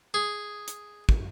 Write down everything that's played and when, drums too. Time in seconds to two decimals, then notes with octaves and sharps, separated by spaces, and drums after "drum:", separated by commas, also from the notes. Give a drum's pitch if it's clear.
0.14 G#4
0.68 drum: hi-hat
1.09 drum: kick